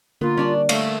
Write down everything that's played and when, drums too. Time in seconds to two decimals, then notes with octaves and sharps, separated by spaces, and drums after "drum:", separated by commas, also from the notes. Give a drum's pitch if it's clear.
0.21 D3 A#3 B3 F4 A#4
0.37 G3 C#4 D4 D5
0.69 A3 C#5 F5, drum: cymbal